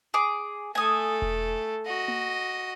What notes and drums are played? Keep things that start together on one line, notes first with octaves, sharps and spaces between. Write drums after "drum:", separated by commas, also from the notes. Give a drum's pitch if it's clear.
G#4 D6
A3 A4 G#5 D#6
drum: kick E1
F#4 D#5
drum: tom A#3